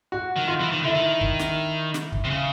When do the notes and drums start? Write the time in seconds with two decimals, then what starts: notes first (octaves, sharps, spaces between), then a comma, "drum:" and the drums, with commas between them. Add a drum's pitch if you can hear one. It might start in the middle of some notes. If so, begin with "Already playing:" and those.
0.12 F#4
0.36 D#3
0.48 F4
0.60 E3
0.72 D#3
0.83 D3 E4
0.94 D#3
1.21 drum: kick
1.39 drum: snare
1.94 drum: snare
2.12 drum: kick
2.24 C3
2.30 C#3